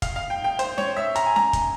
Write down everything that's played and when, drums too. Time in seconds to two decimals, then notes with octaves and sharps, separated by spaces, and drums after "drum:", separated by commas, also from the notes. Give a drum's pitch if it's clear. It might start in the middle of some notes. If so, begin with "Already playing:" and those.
0.02 F5, drum: kick, hi-hat
0.16 F5
0.30 G5
0.44 G5
0.59 C5, drum: hi-hat
0.78 C#5, drum: snare C#4
0.96 E5
1.16 A#5, drum: hi-hat
1.26 G#5
1.36 A#5, drum: snare C#4
1.53 drum: kick, hi-hat